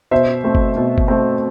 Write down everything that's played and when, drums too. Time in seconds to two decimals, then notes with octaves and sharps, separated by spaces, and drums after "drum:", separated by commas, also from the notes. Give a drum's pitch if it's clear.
0.11 B2 C5 E5
0.44 A3 C4
0.55 drum: kick G1
0.76 B2
0.98 drum: kick G1
1.08 A3 C4